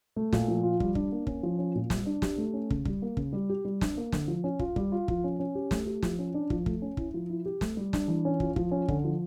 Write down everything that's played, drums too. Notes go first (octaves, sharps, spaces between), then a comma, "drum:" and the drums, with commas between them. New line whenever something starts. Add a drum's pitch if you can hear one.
A3
A#2, drum: snare
F3
F4
G3, drum: kick
D4, drum: kick
A#3
C#4, drum: kick
F3
C#4
A#2
G3, drum: snare
D4
G4, drum: snare
A3
C#4
C#3, drum: kick
G3, drum: kick
A#3
C#3, drum: kick
G3
G4
G3
D4, drum: snare
A#3
D3, drum: snare
F3
C#4
F4, drum: kick
G3, drum: kick
F4
F3, drum: kick
C#4
C#4
G4
A3, drum: snare
G4
F3, drum: snare
C#4
D4
F3, drum: kick
A3, drum: kick
C#4
E4, drum: kick
F3
E4
G4
A3, drum: snare
G3
D4, drum: snare
E3
C#4
F4, drum: kick
F3, drum: kick
C#4
D3, drum: kick
F3